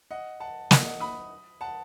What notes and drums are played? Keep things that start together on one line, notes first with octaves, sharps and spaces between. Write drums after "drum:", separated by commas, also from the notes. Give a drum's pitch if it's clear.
D#5 F#5
F#5 A5
D#5 F#5, drum: snare
D#5 F#5
B5 D#6
F#5 A5